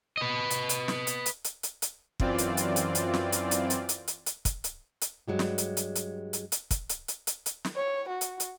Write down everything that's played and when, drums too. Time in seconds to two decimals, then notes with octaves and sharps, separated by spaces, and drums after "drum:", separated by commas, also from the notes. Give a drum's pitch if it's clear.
0.18 B4 D#5
0.50 drum: hi-hat
0.69 drum: hi-hat
0.88 drum: snare
1.07 drum: hi-hat
1.26 drum: hi-hat
1.44 drum: hi-hat
1.63 drum: hi-hat
1.82 drum: hi-hat
2.20 F#2 E3 C4 F4 D5, drum: kick
2.38 drum: hi-hat
2.57 drum: hi-hat
2.76 drum: hi-hat
2.95 drum: hi-hat
3.14 drum: snare
3.32 drum: hi-hat
3.51 drum: hi-hat
3.70 drum: hi-hat
3.89 drum: hi-hat
4.07 drum: hi-hat
4.26 drum: hi-hat
4.45 drum: kick, hi-hat
4.64 drum: hi-hat
5.01 drum: hi-hat
5.28 G2 F#3 G#3 G4
5.39 drum: snare
5.58 drum: hi-hat
5.77 drum: hi-hat
5.95 drum: hi-hat
6.33 drum: hi-hat
6.52 drum: hi-hat
6.71 drum: kick, hi-hat
6.89 drum: hi-hat
7.08 drum: hi-hat
7.27 drum: hi-hat
7.46 drum: hi-hat
7.65 drum: snare
7.76 C#5
8.09 F#4
8.21 drum: hi-hat
8.40 drum: hi-hat